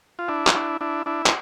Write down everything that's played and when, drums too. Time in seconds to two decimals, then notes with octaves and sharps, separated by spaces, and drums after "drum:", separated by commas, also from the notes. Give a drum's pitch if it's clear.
0.19 F4
0.28 D4 E4
0.47 F4, drum: clap
0.55 D4 E4
0.81 D4 E4
1.06 D4 E4
1.26 D4, drum: clap